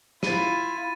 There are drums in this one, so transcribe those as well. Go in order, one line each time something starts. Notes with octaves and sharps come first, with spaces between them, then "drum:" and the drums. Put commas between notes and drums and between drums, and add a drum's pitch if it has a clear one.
E4 F4 A6 D#7, drum: snare